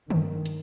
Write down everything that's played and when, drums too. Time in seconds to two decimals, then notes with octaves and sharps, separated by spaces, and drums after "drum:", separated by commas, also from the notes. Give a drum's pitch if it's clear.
0.10 G2 D#3, drum: tom D3
0.45 drum: hi-hat